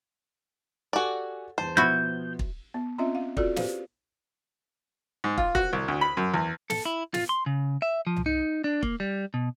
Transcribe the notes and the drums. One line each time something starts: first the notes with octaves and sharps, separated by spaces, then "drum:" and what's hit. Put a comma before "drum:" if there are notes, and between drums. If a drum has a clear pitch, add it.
F#4 G4 A4 D5 G#5
E2 C5 A5
B2 F3 B3 E4 F#4 G6
drum: kick
B3
C4 C#4 F4 D#5 E5
F5
F4 F#4 A4 D5, drum: kick
G4 B4 C5 F5, drum: snare
G#2
F4, drum: kick
F#4, drum: kick
C2
D2
B5
F#2
E2
A4, drum: snare
E4
F4, drum: snare
C6
C#3
E5
F3
drum: tom C2
D#4
D4
A#3, drum: kick
G3
B2